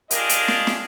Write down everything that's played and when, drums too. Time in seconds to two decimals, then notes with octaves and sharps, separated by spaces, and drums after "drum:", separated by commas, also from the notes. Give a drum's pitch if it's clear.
0.11 D4 F4 G4 G#4 A#4 D#5, drum: hi-hat
0.29 drum: hi-hat
0.48 drum: snare
0.67 drum: snare